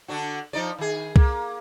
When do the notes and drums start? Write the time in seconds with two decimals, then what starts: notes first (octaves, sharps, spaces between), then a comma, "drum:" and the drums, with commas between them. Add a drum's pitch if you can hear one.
0.08 D3 D4 F#4
0.53 F3 D#4 D5
0.79 D#3 G#4
1.16 A#3, drum: kick C2